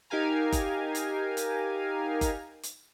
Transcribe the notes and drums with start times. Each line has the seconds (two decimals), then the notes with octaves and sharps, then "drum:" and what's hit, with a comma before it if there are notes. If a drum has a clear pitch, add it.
0.10 D#4 G4 A#4 F5 G#5 A#5
0.52 drum: kick F#1, hi-hat
0.95 drum: hi-hat
1.37 drum: hi-hat
2.21 drum: kick F#1, hi-hat
2.63 drum: hi-hat